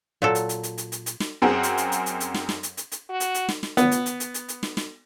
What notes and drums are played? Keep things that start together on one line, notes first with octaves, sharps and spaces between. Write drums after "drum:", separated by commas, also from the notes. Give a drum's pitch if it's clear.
A#2 F#3 A4
drum: hi-hat
drum: hi-hat
drum: hi-hat
drum: hi-hat
drum: hi-hat
drum: hi-hat
drum: snare
F#2 C4 G#4 A#4 F#5
drum: hi-hat
drum: hi-hat
drum: hi-hat
drum: hi-hat
drum: hi-hat
drum: snare
drum: snare
drum: hi-hat
drum: hi-hat
drum: hi-hat
F#4
drum: hi-hat
drum: hi-hat
drum: snare
drum: snare
B3, drum: hi-hat
drum: hi-hat
drum: hi-hat
drum: hi-hat
drum: hi-hat
drum: hi-hat
drum: snare
drum: snare